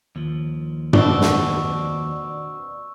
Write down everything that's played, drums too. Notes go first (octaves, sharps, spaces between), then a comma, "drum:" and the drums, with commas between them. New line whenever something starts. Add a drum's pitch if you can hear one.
D#2 F3
B2 C4 D4 D5 C#6 E6, drum: tom
drum: snare